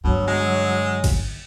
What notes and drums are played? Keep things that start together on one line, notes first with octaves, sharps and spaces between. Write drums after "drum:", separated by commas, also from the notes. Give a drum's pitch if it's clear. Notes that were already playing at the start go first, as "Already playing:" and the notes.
G2 B2 D3 F#3
G#3
drum: kick, cymbal